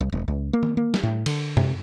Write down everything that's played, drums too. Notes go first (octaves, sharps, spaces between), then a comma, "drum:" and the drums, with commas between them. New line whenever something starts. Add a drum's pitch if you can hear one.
C2
E1
C#2
A#3
drum: tom D#3
A#3
drum: snare
A2
D3, drum: cymbal
C3, drum: tom